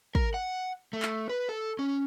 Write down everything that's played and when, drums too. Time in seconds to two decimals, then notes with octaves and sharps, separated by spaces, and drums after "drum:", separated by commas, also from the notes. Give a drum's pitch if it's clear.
0.15 A#4, drum: kick
0.34 F#5
0.93 A3
1.02 drum: clap
1.29 B4
1.49 A4
1.79 C#4